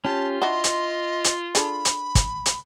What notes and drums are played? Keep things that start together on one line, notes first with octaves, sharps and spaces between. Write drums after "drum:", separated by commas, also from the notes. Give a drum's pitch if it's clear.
C#4 F4 G4 A5
D4 E4 F#4 D#5 C6
drum: hi-hat
drum: hi-hat
D4 G#4 A4 B5, drum: hi-hat
drum: hi-hat
drum: kick, hi-hat
drum: hi-hat